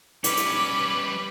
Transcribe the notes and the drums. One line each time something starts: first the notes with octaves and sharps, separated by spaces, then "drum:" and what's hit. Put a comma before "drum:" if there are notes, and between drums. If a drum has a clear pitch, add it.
G3 C#4 B4 B5 D6, drum: hi-hat
drum: hi-hat